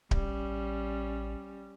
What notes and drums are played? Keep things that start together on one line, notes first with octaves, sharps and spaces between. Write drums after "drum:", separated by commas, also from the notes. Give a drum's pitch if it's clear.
A1 G3 C#4, drum: kick D1